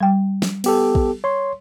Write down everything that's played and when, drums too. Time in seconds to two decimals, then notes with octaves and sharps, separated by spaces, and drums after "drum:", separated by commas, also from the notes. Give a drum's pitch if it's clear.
0.01 G3 G5
0.42 drum: snare
0.64 B3 G4 A4, drum: cymbal
0.95 drum: kick
1.24 C#5 C6